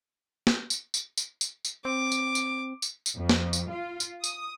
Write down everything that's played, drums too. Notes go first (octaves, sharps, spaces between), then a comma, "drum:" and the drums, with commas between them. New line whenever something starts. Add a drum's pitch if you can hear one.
drum: snare
drum: tambourine
drum: tambourine
drum: tambourine
drum: tambourine
drum: tambourine
C4 D6
drum: tambourine
drum: tambourine
drum: tambourine
drum: tambourine
F2
drum: snare
drum: tambourine
F4
drum: tambourine
D#6, drum: tambourine